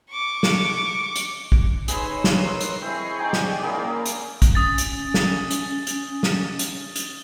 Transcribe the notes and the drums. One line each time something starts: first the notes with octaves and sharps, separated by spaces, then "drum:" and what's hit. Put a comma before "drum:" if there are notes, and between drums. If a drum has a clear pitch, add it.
C#6 D6
drum: snare
drum: hi-hat
drum: kick
D#4 G#4 B4 C#5 G#5 A#5 C6 E6, drum: hi-hat
drum: snare
A#4 C6
drum: hi-hat
C4 E4 G#4 D#5 C#6 C7
C4 D#4 D5 G5 C6
drum: snare
A#3 C#4 E4 G#4 A#4
drum: hi-hat
drum: kick, hi-hat
C#4 D#6 A6
drum: hi-hat
drum: snare
drum: hi-hat
drum: hi-hat
drum: snare
drum: hi-hat
drum: hi-hat